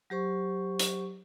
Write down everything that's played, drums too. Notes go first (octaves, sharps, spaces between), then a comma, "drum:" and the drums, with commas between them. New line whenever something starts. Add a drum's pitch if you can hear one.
F#3 G4 C5 C#6
drum: hi-hat